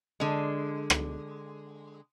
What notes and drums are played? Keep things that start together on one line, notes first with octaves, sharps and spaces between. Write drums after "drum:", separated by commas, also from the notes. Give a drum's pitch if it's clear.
D3 G#3
drum: rim click